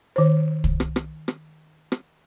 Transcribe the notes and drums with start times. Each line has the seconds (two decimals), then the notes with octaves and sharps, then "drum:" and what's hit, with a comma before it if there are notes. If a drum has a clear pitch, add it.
0.16 D#3 C5
0.64 drum: kick
0.80 drum: rim click
0.96 drum: rim click
1.28 drum: rim click
1.92 drum: rim click